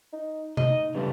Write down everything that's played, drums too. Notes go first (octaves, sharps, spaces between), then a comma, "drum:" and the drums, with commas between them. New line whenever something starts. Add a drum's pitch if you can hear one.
D#4
D#4 D#5, drum: tom C3
G2 C#3 G3 A3